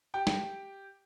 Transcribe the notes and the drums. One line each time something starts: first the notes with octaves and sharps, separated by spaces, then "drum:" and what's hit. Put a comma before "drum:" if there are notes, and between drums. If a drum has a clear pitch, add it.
G4 G5
drum: snare